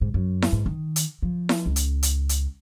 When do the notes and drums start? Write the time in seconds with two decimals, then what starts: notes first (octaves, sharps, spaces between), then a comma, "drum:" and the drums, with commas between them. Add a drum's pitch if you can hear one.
0.01 G#2
0.14 F#2
0.42 drum: snare E4
0.52 G#2
0.66 D#3
0.96 drum: hi-hat
1.22 F3
1.49 drum: snare E4
1.66 C#2
1.76 drum: hi-hat
2.03 drum: hi-hat
2.29 drum: hi-hat